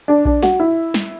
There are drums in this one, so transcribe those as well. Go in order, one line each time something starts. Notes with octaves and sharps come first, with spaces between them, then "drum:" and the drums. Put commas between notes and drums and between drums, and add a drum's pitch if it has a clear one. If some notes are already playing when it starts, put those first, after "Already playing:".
D4
D4, drum: kick A#1
F#4, drum: snare
E4
drum: snare